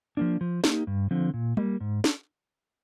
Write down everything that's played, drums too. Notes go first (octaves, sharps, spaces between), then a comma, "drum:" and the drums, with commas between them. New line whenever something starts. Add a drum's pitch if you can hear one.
F3 A#3 D4
F3
A#3 D#4 G4, drum: snare
G2
D3 F3 C4
A#2
G3 A#3, drum: tom G3
G#2
drum: snare